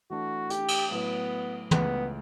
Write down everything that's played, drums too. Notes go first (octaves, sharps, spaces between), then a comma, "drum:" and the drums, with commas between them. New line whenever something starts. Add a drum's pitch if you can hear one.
E3 A3 D4 F#4 A4
G4, drum: hi-hat
drum: cymbal
A2 F#3 A3 B3 E4 B4
C#2 C#3 E3 A3 B3, drum: tom